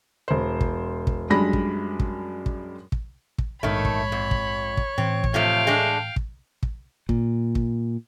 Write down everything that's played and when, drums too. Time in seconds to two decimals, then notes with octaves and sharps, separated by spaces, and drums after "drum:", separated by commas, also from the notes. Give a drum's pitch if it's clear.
0.28 E1 C5
0.61 drum: kick
1.07 drum: kick
1.30 F#2 G3 G#3 D4 B5 A#6
1.53 drum: kick
1.99 drum: kick
2.46 drum: kick
2.92 drum: kick
3.38 drum: kick
3.63 A#1 G#2 D#3 A3 C#5 B5
3.85 drum: kick
4.12 F2
4.31 drum: kick
4.77 drum: kick
4.98 A2 E3 C4
5.24 drum: kick
5.34 C3 F3 A3 F5 G5
5.67 G#3 A3 D4
6.16 drum: kick
6.63 drum: kick
7.09 A#2, drum: kick
7.55 drum: kick